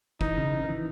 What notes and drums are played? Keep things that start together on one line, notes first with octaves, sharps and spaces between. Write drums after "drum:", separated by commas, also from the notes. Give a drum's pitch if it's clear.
E3 D#4, drum: kick F#1
C#3
E3
D#3
E3